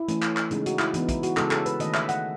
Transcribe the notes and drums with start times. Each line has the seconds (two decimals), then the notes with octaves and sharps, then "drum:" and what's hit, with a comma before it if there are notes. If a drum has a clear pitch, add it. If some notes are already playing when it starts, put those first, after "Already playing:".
Already playing: E4
0.08 E3 A3 C#4, drum: hi-hat
0.22 drum: clap
0.37 drum: clap
0.51 C#3 G#3 C#4 D#4, drum: hi-hat
0.66 F#4, drum: hi-hat
0.79 E4, drum: clap
0.94 E3 B3 D#4, drum: hi-hat
1.09 E4, drum: kick, hi-hat
1.23 F#4, drum: hi-hat
1.37 C#3 G#3 C#4 A4, drum: clap
1.51 A4, drum: clap
1.66 B4, drum: hi-hat
1.80 D#3 A3 C#4 D#5, drum: hi-hat
1.94 E5, drum: clap
2.09 F#5, drum: hi-hat